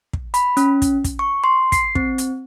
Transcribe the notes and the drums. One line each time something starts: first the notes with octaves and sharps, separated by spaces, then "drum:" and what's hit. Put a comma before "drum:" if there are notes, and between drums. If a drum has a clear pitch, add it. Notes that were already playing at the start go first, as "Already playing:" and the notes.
drum: kick
B5, drum: hi-hat
C#4, drum: hi-hat
drum: kick, hi-hat
drum: kick, hi-hat
C#6
C6
C7, drum: kick, hi-hat
C4, drum: kick
drum: hi-hat